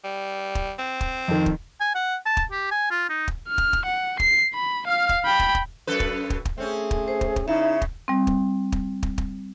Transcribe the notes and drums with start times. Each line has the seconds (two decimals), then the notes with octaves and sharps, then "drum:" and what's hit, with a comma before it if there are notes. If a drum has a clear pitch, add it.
0.04 G3
0.55 drum: kick
0.79 C4
1.01 drum: kick
1.28 F2 D#3
1.46 drum: kick
1.80 G#5
1.95 F#5
2.26 A5
2.37 drum: kick
2.52 G4
2.71 G#5
2.91 F4
3.09 D#4
3.28 drum: kick
3.48 F6
3.58 drum: kick
3.73 drum: kick
3.85 F#5
4.20 C7, drum: kick
4.55 B5
4.87 F5 F6
5.09 drum: kick
5.26 G5 B5
5.39 drum: kick
5.55 drum: kick
5.87 F#2 A4 B4
6.00 drum: kick
6.30 drum: kick
6.45 drum: kick
6.58 A3 C4 C#4 G#4
6.91 drum: kick
7.08 C5
7.21 drum: kick
7.36 drum: kick
7.48 C#3 D#4 E4 E5
7.82 drum: kick
8.08 G3 C4
8.27 drum: kick
8.72 drum: kick
9.03 drum: kick
9.18 drum: kick